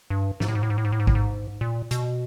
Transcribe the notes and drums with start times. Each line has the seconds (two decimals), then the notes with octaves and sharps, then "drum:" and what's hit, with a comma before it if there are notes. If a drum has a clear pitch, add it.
0.10 G2
0.40 G#2, drum: snare
0.48 A2
0.55 G#2
0.63 A2
0.70 G#2
0.78 A2
0.85 G#2
0.92 A2
1.00 G#2
1.07 A2, drum: kick A1
1.15 G#2
1.61 A#2
1.91 B2, drum: hi-hat